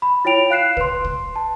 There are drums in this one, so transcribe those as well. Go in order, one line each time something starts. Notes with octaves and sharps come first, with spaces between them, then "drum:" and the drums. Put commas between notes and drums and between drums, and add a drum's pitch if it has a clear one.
B5
E4 F4 C#5 G5 D7 F7
F5 F#6 C7 E7
B4 C6, drum: kick C2
drum: kick C2
A5